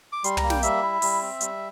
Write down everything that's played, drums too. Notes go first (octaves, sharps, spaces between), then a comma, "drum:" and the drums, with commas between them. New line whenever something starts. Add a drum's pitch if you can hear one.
D6
G3 C6, drum: hi-hat
A#5, drum: tom
A#3
G5, drum: snare
G3 E5, drum: hi-hat
E4
G3, drum: open hi-hat
C4
G3, drum: hi-hat